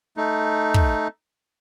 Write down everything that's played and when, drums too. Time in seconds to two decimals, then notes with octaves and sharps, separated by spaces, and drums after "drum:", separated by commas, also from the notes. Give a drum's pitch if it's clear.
0.17 A3 D#4
0.74 drum: kick